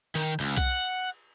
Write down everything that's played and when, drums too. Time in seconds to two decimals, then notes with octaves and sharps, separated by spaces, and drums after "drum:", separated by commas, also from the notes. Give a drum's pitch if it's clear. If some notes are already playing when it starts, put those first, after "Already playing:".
0.15 D#3
0.40 C#2
0.57 F#5, drum: kick B1, cymbal